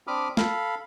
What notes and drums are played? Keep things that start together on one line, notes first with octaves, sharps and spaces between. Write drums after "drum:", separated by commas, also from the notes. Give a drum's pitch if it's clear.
C4 D4 B5 D6 D#6 F6
A4 F5 B5, drum: snare